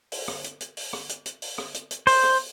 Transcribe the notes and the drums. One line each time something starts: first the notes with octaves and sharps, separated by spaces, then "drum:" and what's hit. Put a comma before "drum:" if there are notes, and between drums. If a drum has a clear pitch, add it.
drum: open hi-hat
drum: rim click
drum: hi-hat
drum: hi-hat
drum: open hi-hat
drum: rim click
drum: hi-hat
drum: hi-hat
drum: open hi-hat
drum: rim click
drum: hi-hat
drum: hi-hat
C5, drum: open hi-hat
drum: rim click